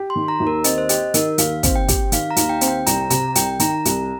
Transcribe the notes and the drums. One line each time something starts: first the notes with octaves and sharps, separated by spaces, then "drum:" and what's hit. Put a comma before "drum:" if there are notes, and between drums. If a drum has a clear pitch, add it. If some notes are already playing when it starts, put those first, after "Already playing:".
Already playing: G4
C6
D#3
A#5
D#2
A#4
C4 D#5, drum: hi-hat
C5
G4 D#5, drum: hi-hat
D#3 A#4, drum: hi-hat
D#2 F5, drum: hi-hat
C4, drum: kick, hi-hat
G5
G4, drum: kick, hi-hat
D#3 F5, drum: hi-hat
A#5
D#2 F5, drum: hi-hat
G5
C4, drum: hi-hat
G5
C2 A#5, drum: hi-hat
C3 A#5, drum: hi-hat
C2 G5, drum: hi-hat
D#3 A#5, drum: hi-hat
C2, drum: hi-hat